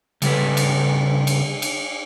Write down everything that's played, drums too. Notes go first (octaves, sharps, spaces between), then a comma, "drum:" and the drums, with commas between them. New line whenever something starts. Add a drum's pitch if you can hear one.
C#3 G3 A4 B4, drum: cymbal
drum: cymbal
drum: cymbal
drum: cymbal